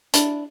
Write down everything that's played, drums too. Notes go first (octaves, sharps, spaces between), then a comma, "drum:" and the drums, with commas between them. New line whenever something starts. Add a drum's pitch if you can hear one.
D4 E4, drum: hi-hat